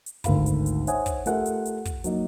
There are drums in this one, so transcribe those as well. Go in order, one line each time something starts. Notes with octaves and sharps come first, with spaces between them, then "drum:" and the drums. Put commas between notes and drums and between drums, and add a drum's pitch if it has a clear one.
drum: hi-hat
G#1 D2 A#4 F5 B5, drum: kick, hi-hat
drum: hi-hat
drum: hi-hat
C5 C#5 E5 F#5 G#5 D#6, drum: hi-hat
drum: kick, hi-hat
A3 F4 G4 A#4 E5 F#5, drum: hi-hat
drum: hi-hat
drum: hi-hat
drum: kick, hi-hat
F#3 A#3 D#4, drum: hi-hat